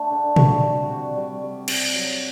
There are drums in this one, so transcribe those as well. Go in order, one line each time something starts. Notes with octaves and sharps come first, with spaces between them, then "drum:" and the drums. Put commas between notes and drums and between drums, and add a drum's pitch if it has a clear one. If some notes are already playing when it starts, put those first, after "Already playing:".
Already playing: A3 D4
D3
G3 F#4, drum: tom
C3
C3
G3
G3
C3, drum: cymbal
F#3